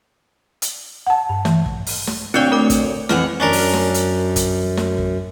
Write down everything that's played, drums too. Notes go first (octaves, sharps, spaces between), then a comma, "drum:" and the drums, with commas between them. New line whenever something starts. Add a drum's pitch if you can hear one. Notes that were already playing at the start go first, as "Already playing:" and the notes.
drum: hi-hat
F#5 A5
G2
E3, drum: snare
drum: kick
drum: open hi-hat
drum: snare
D2 C4 D4 C#5 D5 G5
A3 A#4 D6
drum: kick, hi-hat
F2 E3 F#5 F6, drum: snare
F#2 C#4 D4 A#4
drum: open hi-hat
drum: snare
drum: hi-hat
drum: kick, hi-hat
drum: snare
drum: kick